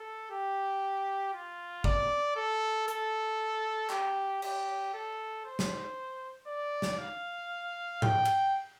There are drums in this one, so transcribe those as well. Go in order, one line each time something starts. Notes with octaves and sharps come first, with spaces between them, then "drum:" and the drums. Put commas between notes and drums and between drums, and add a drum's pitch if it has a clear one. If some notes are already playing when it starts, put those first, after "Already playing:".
Already playing: A4
G4
F4
D5, drum: kick
A4
A4, drum: hi-hat
G4, drum: clap
G4, drum: cymbal
A4
C5
drum: snare
D5
drum: snare
F5
G5, drum: tom G#2
drum: cymbal